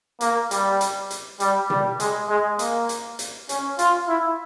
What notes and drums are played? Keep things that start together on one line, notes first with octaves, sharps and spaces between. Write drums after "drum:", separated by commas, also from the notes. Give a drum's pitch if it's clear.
A#3, drum: hi-hat
G3, drum: hi-hat
drum: hi-hat
drum: hi-hat
G3, drum: hi-hat
G3, drum: tom B2
G#3, drum: hi-hat
G#3
A#3, drum: hi-hat
drum: hi-hat
drum: hi-hat
C#4, drum: hi-hat
F4, drum: hi-hat
E4